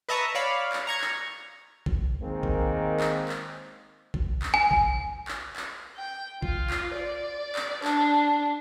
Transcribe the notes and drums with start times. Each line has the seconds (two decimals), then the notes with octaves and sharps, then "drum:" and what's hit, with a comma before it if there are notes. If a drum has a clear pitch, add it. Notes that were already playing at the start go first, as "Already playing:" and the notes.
0.09 B4 D#5 E5 A5 A#5 C#6
0.35 C#5 D5 F5 B5
0.72 drum: clap
0.87 A#5 C#6 G#6
1.01 drum: clap
1.86 drum: kick A1
2.21 D#3 G#3 A#3 C4
2.43 drum: kick A1
3.00 drum: clap
3.29 drum: clap
4.14 drum: kick A1
4.42 drum: clap
4.54 G#5
4.71 drum: kick A1
5.28 drum: clap
5.56 drum: clap
5.97 G5
6.42 F4, drum: kick A1
6.70 drum: clap
6.94 D5
7.56 drum: clap
7.84 D4, drum: clap